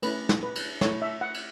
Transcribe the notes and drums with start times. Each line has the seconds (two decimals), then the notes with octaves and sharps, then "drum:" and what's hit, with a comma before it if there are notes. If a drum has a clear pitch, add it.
0.02 A3 C#4 E4 B4, drum: cymbal
0.29 drum: snare
0.43 B4
0.55 drum: cymbal
0.81 A3 E4 C#5, drum: snare
1.02 E5
1.21 F#5
1.34 drum: cymbal